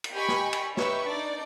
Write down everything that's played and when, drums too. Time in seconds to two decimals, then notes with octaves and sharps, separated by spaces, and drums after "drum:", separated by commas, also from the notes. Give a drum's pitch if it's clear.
0.04 drum: cymbal
0.15 G4 D#5 G#5 B5 C#6
0.28 drum: snare
0.53 drum: cymbal
0.77 D#4 G4 B4 C#5 E5 C#6, drum: snare
1.08 D4 D#4 D5